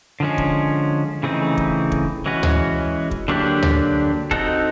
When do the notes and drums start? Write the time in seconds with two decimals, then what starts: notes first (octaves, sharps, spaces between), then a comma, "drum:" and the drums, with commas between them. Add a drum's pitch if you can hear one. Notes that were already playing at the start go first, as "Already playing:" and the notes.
0.20 D3 F3 G#3 C#4
0.38 drum: kick
1.23 C#3 E3 A3 C4 D#4
1.57 drum: kick
1.92 drum: kick
2.26 E3 G#3 C#4 F#4 B4
2.43 drum: tom D2
3.11 drum: kick
3.28 D3 F#3 A#3 D4 G4
3.62 drum: tom D2
4.31 C4 D#4 F#4 A4, drum: kick